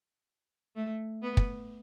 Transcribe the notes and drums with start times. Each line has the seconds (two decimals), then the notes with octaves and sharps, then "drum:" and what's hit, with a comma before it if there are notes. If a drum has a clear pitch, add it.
0.76 A3
1.22 B3
1.37 drum: kick